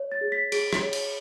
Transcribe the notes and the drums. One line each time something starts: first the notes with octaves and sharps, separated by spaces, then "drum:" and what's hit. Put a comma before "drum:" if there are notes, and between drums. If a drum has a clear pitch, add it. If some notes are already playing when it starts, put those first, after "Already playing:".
Already playing: C#5
A6
G#4
B6
G#4 D7, drum: cymbal
drum: rim click
C#5
drum: cymbal